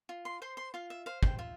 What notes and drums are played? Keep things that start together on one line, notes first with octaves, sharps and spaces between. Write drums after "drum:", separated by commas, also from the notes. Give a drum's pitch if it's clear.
F4
C6
C5 C6
C6
F4 F5
E5
C5 F5
G5, drum: kick
F4 E5